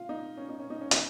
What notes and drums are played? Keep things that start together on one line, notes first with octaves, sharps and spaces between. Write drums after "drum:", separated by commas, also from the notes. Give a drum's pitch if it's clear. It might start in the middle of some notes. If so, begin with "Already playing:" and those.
Already playing: F4
D#4
C#4
D#4
C#4
D#4
C#4
D#4, drum: hi-hat